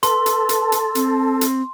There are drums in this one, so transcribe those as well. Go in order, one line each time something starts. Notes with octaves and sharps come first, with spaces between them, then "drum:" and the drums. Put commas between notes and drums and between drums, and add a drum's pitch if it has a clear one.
A4 B4 C6, drum: hi-hat
drum: hi-hat
drum: hi-hat
drum: hi-hat
C4, drum: hi-hat
drum: hi-hat